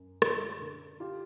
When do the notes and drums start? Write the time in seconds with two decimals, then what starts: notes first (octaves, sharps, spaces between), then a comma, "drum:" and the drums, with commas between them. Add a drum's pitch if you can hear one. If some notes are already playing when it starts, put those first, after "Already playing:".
Already playing: F#2
0.22 D3, drum: rim click
0.61 D3
1.00 F4 G4